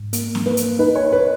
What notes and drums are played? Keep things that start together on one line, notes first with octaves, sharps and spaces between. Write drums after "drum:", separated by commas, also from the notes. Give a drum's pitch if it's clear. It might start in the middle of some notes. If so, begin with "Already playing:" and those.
Already playing: G#2
A#3, drum: hi-hat
drum: snare C4
A#3 B4
drum: hi-hat
D#4 B4
C#5
D#4 B4